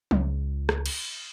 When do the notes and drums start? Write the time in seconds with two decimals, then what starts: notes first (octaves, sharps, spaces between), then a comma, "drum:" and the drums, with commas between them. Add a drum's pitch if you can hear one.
0.11 C#2, drum: tom F3
0.69 drum: rim click
0.86 drum: cymbal